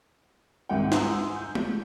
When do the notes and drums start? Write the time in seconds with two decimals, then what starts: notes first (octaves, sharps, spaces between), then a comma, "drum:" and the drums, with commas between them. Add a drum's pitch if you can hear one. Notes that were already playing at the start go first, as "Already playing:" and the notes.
0.69 C2 G#2 D#3 E4 F#5 G5
0.92 F#5 G#5 A#5 C6 D#6 E6, drum: snare
1.36 G6
1.55 drum: tom G#3